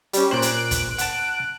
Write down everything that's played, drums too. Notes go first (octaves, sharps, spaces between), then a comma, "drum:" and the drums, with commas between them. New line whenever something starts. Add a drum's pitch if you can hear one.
G3 C#4, drum: hi-hat
A#2 C5 F#6 D7
drum: hi-hat
drum: kick, hi-hat
F#5 A5, drum: hi-hat